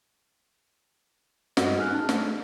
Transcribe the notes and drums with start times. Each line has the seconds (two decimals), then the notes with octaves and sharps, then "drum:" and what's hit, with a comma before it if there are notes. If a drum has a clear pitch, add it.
1.57 G2 F#4 D#5, drum: snare
1.77 D#4 G#4 F6 F#6
1.95 A5
2.09 A3 D4, drum: snare